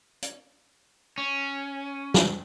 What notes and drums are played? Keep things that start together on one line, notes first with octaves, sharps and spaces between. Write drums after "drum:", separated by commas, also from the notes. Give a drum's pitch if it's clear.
drum: hi-hat
C#4
drum: snare